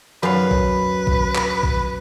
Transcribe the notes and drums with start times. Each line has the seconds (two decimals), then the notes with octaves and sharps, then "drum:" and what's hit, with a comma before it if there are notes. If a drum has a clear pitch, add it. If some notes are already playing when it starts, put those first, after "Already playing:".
0.23 F#2 B4 F5
0.51 drum: kick A#1
1.07 drum: kick A#1
1.35 drum: clap
1.63 drum: kick A#1